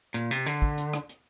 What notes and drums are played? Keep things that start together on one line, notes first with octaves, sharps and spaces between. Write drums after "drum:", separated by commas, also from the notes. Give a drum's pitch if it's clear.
A#2, drum: hi-hat
C3
D3, drum: hi-hat
drum: kick
drum: hi-hat
drum: rim click
drum: hi-hat